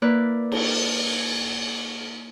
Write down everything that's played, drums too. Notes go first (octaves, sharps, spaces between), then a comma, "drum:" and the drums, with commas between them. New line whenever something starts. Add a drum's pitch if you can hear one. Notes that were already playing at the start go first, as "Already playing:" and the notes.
A#3 E4 B4 D5
drum: cymbal